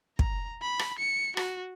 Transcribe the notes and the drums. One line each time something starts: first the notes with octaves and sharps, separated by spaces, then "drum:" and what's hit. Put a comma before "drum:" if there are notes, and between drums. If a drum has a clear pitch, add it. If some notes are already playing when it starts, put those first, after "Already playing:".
A#5, drum: kick
B5
drum: rim click
C#7
F#4, drum: rim click